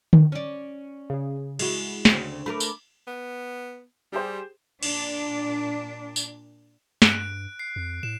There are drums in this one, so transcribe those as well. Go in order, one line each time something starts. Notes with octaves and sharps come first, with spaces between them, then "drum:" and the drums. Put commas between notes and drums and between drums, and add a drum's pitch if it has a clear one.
drum: tom D3
C#4 D5
C#3 G#4
G#3 E4 F#4, drum: cymbal
D2 C#3 C4, drum: snare
A3 F4 A#4 B5 D6
drum: tambourine
B3
G3 G4 G#4 C5
A#2 D4, drum: cymbal
drum: tambourine
G2 F#6 D7, drum: snare
C7
F2
A2 E7